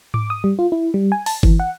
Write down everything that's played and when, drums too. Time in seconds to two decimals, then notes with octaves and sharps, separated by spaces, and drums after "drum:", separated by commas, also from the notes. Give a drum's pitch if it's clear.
0.14 D6, drum: tom G#2
0.30 D#6
0.44 G3
0.59 F4
0.72 E4
0.94 G3
1.12 G#5
1.26 A5, drum: open hi-hat
1.43 E3, drum: kick G1
1.60 F#5